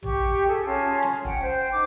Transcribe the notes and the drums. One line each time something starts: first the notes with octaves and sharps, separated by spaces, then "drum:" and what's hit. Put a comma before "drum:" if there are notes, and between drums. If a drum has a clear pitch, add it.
G4 C#6, drum: tom
G#4 A4
C#4 F4 G#5 A5
drum: snare
F#5 G5, drum: kick
C5 G5
D#4 D6